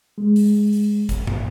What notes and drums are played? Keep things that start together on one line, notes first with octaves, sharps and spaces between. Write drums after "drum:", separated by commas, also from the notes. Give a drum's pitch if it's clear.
G#3
drum: open hi-hat
drum: open hi-hat
drum: kick, hi-hat
drum: tom